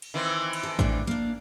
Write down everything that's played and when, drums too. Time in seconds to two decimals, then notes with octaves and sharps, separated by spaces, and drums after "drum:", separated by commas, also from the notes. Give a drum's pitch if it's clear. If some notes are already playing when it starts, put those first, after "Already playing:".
0.02 drum: cymbal
0.14 D#3 E3 C4
0.53 drum: cymbal
0.63 A4 D#5
0.79 A2 D4, drum: kick A1
1.07 A#3 D4